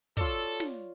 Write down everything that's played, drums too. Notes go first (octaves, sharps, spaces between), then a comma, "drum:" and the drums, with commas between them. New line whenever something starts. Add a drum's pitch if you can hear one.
F4 A4 C#5 D5, drum: kick, hi-hat
drum: snare